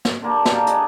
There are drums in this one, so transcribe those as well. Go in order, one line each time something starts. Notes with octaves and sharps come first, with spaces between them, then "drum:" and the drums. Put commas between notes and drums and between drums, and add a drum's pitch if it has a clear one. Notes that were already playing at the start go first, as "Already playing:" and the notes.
drum: snare
D3 A#3 G4
A#4 F5 G5 A5, drum: snare
D4 G#4 D#5, drum: hi-hat